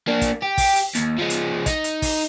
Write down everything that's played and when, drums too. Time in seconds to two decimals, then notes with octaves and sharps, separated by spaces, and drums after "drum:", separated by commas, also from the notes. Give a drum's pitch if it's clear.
0.08 A#3 D4
0.21 drum: kick, hi-hat
0.42 G4
0.58 drum: kick, open hi-hat
0.76 drum: hi-hat
0.95 D#2, drum: hi-hat
1.18 F3 G#3
1.30 drum: hi-hat
1.66 D#4, drum: kick, hi-hat
1.84 drum: hi-hat
2.02 drum: kick, open hi-hat